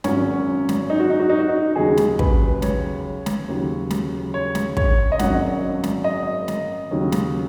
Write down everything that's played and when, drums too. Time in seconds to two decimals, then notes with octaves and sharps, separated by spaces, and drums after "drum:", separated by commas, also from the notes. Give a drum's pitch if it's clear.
0.04 G#1 F#2 F#3 C#4, drum: snare
0.69 drum: snare
0.90 D#4
1.00 F#4
1.10 D#4
1.20 F#4
1.30 D#4
1.39 F#4
1.49 D#4
1.76 D#2 C#3 F#3 G#4
1.97 drum: snare
2.19 B4, drum: kick
2.62 C#5, drum: snare
3.26 drum: snare
3.48 D#2 C#3 F#3
3.91 drum: snare
4.34 C#5
4.55 drum: snare
4.77 C#5, drum: kick
5.12 D#5
5.19 G#1 F#2 F#3 F#5, drum: snare
5.84 drum: snare
6.04 D#5
6.48 drum: snare
6.91 D#2 C#3 F#3
7.12 drum: snare